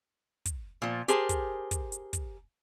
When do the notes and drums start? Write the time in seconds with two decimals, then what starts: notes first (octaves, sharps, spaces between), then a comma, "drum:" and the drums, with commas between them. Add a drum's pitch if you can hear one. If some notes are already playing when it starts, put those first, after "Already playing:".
0.45 drum: kick, hi-hat
0.82 A#2 F3
1.08 G4 G#4 A#4 C5 G#5 A5, drum: hi-hat
1.29 drum: kick, hi-hat
1.71 drum: kick, hi-hat
1.92 drum: hi-hat
2.13 drum: kick, hi-hat